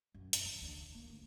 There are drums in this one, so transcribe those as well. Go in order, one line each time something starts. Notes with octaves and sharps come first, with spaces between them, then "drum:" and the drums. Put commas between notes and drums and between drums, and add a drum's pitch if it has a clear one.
F#2
F#2, drum: hi-hat
E3
D2
D2
A#3
D2